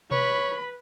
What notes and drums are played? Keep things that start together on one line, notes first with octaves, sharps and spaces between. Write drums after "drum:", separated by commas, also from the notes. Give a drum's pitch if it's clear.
B4 C#5 B5, drum: tom B2